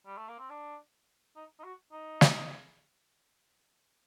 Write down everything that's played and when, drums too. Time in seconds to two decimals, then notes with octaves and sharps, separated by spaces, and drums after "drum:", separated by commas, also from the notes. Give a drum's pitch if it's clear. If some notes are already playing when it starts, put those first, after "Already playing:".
0.06 G3
0.18 A3
0.28 A#3
0.39 C4
0.50 D4
1.36 D#4
1.59 D#4
1.64 F#4
1.92 D#4
2.21 drum: snare